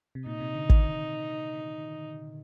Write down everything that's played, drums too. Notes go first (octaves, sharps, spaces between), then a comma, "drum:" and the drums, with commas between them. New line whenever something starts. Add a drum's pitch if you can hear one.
C3
A#2 D#4
C3
D3
D#3, drum: kick
C3